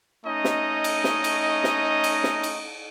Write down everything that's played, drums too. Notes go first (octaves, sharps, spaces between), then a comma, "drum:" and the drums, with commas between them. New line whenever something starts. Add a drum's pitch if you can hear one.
A3 C#4 D#4 D#5
drum: snare
drum: cymbal
drum: snare
drum: cymbal
drum: snare
drum: cymbal
drum: snare
drum: cymbal